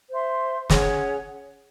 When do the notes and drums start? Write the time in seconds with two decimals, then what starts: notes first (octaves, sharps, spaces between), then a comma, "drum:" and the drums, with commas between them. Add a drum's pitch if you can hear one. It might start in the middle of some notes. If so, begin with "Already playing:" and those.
0.11 C5 E5 C6
0.70 C#4 G#4 C#5 F#5, drum: snare